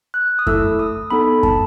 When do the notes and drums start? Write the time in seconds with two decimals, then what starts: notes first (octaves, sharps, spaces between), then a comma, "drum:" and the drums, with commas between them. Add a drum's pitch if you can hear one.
0.14 F#6
0.39 D#6
0.47 A3 E4 A4 E6, drum: kick F#2
0.79 D#6
1.11 B3 D#4 A4 B5
1.43 A5, drum: kick F#2